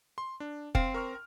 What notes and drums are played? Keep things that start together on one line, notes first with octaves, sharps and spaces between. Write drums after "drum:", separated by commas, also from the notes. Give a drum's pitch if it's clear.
C6
D4
C4 F5, drum: kick F1
A#4 C#6 F6